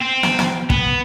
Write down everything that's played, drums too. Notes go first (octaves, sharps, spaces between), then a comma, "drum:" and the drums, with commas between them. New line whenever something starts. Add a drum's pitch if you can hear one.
C4
drum: snare
drum: snare
B3, drum: kick